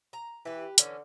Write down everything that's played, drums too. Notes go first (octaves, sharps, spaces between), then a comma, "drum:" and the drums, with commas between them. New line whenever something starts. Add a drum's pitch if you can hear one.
A#5
E3 G4 B4
D3 E3 C#4, drum: hi-hat